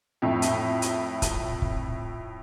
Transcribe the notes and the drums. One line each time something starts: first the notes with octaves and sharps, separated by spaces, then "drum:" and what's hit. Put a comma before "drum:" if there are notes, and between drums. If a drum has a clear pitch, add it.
F2 A2
drum: hi-hat
drum: hi-hat
drum: kick C#1, hi-hat
drum: kick C#1